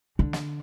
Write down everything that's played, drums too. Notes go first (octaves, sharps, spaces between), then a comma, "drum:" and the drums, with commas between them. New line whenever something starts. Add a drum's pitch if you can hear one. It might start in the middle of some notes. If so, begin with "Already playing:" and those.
D3
drum: snare